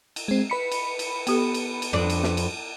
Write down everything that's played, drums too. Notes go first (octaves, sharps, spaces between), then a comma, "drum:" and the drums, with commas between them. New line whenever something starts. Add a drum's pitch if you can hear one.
drum: cymbal
G#3 C4
B4 B5 C#7
drum: cymbal
drum: cymbal
B3 G4 A4, drum: cymbal
drum: cymbal
drum: cymbal
F2 D4
drum: cymbal
drum: snare
drum: cymbal